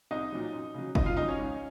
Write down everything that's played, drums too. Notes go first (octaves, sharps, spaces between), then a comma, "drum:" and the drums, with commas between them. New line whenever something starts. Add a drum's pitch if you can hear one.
C2 D#4 D#5
A#2 F#3
F#2
C#3 F#3
F#2 D#4 D#5, drum: kick
F4 F5
C#3 F#3 D#4 D#5
C#4 C#5
C#2